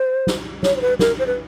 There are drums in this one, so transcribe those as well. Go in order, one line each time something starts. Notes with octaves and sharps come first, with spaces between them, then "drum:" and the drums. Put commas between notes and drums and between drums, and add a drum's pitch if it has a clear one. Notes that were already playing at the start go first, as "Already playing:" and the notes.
Already playing: C5
drum: snare
C#5, drum: snare
C5
B4
A#4, drum: snare
C5
B4